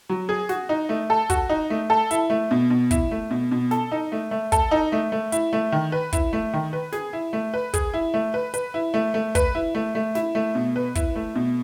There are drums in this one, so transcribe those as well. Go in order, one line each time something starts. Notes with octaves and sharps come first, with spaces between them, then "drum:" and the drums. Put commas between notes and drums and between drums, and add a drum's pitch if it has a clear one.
F#3
G#4
F#4, drum: snare
D#4
A3
A4
F#4, drum: kick, hi-hat
D#4
A3
A4
E4, drum: hi-hat
A3
B2
B2
E4, drum: kick, hi-hat
A3
B2
B2
A4, drum: snare
D#4
A3
A3
A4, drum: kick, hi-hat
D#4
A3
A3
E4, drum: hi-hat
A3
D#3
B4
E4, drum: kick, hi-hat
A3
D#3
B4
G#4, drum: snare
E4
A3
B4
G#4, drum: kick, hi-hat
E4
A3
B4
B4, drum: hi-hat
E4
A3
A3
B4, drum: kick, hi-hat
E4
A3
A3
E4, drum: snare
A3
B2
B4
E4, drum: kick, hi-hat
A3
B2